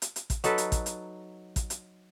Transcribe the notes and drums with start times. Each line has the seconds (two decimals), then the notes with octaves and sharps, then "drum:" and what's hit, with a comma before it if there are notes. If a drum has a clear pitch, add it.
0.02 drum: hi-hat
0.16 drum: hi-hat
0.30 drum: kick, hi-hat
0.44 F#3 D#4 A4 B4, drum: hi-hat
0.58 drum: hi-hat
0.72 drum: kick, hi-hat
0.86 drum: hi-hat
1.56 drum: kick, hi-hat
1.70 drum: hi-hat